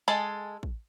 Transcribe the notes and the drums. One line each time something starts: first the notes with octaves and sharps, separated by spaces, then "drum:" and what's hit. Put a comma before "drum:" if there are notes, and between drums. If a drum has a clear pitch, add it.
G#3 G#4 A4 A5
drum: kick